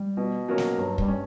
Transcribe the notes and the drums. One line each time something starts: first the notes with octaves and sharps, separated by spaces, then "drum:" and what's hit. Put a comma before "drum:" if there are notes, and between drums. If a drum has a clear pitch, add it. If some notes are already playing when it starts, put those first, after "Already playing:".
Already playing: G3
B2
F#3 A#3 C#4
drum: snare
G2 F#3
G3, drum: kick
C#4